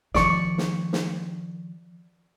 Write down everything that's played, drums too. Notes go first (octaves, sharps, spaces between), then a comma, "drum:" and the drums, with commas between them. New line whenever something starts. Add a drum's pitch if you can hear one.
D#3 F3 D5 C#6, drum: snare
drum: snare
drum: snare